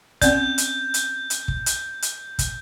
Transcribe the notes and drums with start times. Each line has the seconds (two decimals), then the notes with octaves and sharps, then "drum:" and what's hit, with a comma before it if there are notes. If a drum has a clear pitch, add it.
0.22 C4 C#4 D5 G6, drum: kick, hi-hat
0.58 drum: hi-hat
0.94 drum: hi-hat
1.30 drum: hi-hat
1.48 drum: kick
1.66 drum: hi-hat
2.02 drum: hi-hat
2.39 drum: kick, hi-hat